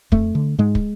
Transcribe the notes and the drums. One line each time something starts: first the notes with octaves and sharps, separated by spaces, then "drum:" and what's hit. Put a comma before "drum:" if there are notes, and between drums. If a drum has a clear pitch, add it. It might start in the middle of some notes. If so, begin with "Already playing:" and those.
F2 A3, drum: kick
D3
G#2 G#3
drum: kick